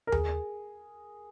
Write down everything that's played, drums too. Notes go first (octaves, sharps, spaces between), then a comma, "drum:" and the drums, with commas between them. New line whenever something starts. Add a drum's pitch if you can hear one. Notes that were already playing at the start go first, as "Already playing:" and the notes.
A#4
G#4, drum: tom D#2